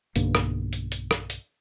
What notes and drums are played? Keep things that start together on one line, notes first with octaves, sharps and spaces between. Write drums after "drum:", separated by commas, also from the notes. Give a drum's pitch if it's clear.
B1 G2 D3 A#3, drum: hi-hat
drum: rim click
drum: hi-hat
drum: hi-hat
drum: rim click
drum: hi-hat